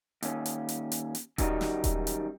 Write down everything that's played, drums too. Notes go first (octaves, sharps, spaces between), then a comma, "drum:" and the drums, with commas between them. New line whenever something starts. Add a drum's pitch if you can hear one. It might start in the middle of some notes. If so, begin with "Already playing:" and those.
D#2 C#4, drum: hi-hat
drum: hi-hat
drum: hi-hat
drum: hi-hat
drum: hi-hat
F#2 D#3 F#3 G3 C#4 D#4, drum: kick D#1, hi-hat
drum: snare
drum: kick D#1, hi-hat
drum: hi-hat